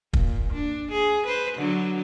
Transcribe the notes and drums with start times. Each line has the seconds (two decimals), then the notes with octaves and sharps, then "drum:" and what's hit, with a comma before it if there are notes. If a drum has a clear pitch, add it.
0.13 A#2, drum: kick
0.53 D4
0.92 G#4
1.27 B4 C5
1.58 D3 F#3